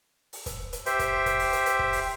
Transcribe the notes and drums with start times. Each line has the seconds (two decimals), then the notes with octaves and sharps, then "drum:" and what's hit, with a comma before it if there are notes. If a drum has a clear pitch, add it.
0.33 drum: open hi-hat
0.46 drum: kick, hi-hat
0.73 drum: hi-hat
0.86 G4 C5 E5 G5, drum: hi-hat
0.99 drum: kick, hi-hat
1.26 drum: kick, hi-hat
1.39 drum: open hi-hat
1.53 drum: hi-hat
1.66 drum: hi-hat
1.79 drum: kick
1.93 drum: open hi-hat